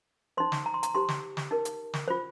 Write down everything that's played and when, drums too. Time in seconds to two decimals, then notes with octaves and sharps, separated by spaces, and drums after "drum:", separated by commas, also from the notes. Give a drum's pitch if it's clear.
0.37 D#4 C5 C6
0.52 drum: snare
0.66 A#5
0.74 C6
0.83 A#5, drum: hi-hat
0.94 D#4 G4 C5 C6
1.08 drum: snare
1.37 drum: snare
1.51 D#4 A#4
1.65 drum: hi-hat
1.93 drum: snare
2.08 F4 C5